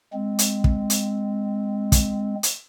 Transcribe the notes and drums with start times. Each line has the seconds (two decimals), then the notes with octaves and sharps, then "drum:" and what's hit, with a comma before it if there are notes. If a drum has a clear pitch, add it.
0.13 G#3 C4
0.39 drum: hi-hat
0.64 drum: kick
0.90 drum: hi-hat
1.92 drum: kick, hi-hat
2.43 drum: hi-hat